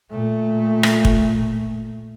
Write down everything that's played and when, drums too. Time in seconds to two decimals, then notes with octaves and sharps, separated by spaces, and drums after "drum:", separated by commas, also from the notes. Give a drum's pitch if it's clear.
0.11 A#2 A3
0.83 drum: rim click
1.05 drum: kick